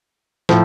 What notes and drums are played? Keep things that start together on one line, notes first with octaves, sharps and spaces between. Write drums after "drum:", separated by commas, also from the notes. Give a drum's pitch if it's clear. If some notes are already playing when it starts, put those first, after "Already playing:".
A2 F3, drum: snare